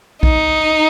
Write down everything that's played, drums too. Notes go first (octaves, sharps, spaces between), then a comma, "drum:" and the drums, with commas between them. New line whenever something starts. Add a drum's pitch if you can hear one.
D#4, drum: kick